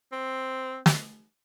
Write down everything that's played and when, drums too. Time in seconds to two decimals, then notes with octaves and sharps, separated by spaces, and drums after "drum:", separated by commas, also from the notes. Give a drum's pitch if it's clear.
0.12 C4
0.86 drum: snare